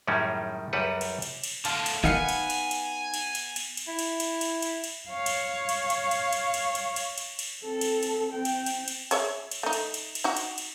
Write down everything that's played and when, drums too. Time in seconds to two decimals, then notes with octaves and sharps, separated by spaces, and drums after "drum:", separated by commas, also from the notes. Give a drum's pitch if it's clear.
0.07 F#2 A2 D#3 G3 G#3 C#4
0.73 C#2 F#2 G3 B4 F#5
1.01 drum: cymbal
1.22 drum: cymbal
1.44 drum: cymbal
1.65 A2 D3 F4 A5, drum: cymbal
1.86 drum: cymbal
2.04 D#3 B3 D#4 F5 F#5 G#5 C7 C#7
2.29 drum: cymbal
2.50 drum: cymbal
2.71 drum: cymbal
3.14 drum: cymbal
3.35 drum: cymbal
3.56 drum: cymbal
3.77 drum: cymbal
3.87 E4
3.99 drum: cymbal
4.20 drum: cymbal
4.41 drum: cymbal
4.62 drum: cymbal
4.84 drum: cymbal
5.09 C#5 F5
5.26 drum: cymbal
5.69 drum: cymbal
5.90 drum: cymbal
6.11 drum: cymbal
6.33 drum: cymbal
6.54 drum: cymbal
6.75 drum: cymbal
6.96 drum: cymbal
7.18 drum: cymbal
7.39 drum: cymbal
7.63 C4 A4
7.81 drum: cymbal
8.03 drum: cymbal
8.32 C4 G5
8.45 drum: cymbal
8.66 drum: cymbal
8.88 drum: cymbal
9.11 G#4 C#5 E5, drum: cymbal
9.51 drum: cymbal
9.63 A3 D#4
9.73 drum: cymbal
9.94 drum: cymbal
10.15 drum: cymbal
10.24 D#4 F#4
10.37 drum: cymbal
10.58 drum: cymbal